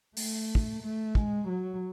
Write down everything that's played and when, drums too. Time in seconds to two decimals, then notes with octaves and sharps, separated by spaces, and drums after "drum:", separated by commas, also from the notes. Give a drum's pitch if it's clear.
0.17 A3, drum: open hi-hat
0.55 drum: kick
0.83 A3
1.15 G#3, drum: kick
1.48 F#3